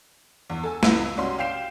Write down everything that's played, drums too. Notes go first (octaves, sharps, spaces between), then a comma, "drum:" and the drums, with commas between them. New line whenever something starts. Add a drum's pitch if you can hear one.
E2
A4 G#5
C#2 B3 E4 E6 D#7, drum: snare
C2 C#4 F#4 C6
F5 G5 G6 C7 E7